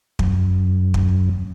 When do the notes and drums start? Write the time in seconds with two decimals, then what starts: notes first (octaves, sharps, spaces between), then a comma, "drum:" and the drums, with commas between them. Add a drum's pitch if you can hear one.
0.19 F#2, drum: kick
0.94 drum: kick